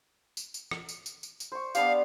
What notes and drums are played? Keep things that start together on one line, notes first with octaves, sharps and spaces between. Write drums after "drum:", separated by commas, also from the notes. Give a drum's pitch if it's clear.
drum: tambourine
drum: tambourine
drum: rim click
drum: tambourine
drum: tambourine
drum: tambourine
drum: tambourine
C5 C#6
B3 D4 G4 F5, drum: tambourine